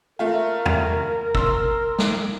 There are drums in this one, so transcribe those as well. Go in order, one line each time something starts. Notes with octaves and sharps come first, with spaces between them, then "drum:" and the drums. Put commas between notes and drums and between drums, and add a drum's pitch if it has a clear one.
A3 F4 A#4
drum: tom
C6 E6, drum: kick
drum: snare